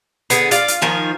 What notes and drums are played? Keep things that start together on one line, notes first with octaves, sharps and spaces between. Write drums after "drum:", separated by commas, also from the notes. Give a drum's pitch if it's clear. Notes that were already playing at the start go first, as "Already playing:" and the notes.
D3 B3 G#4, drum: hi-hat
F4 D5 F5, drum: hi-hat
drum: hi-hat
D#3 F3 F4 G#5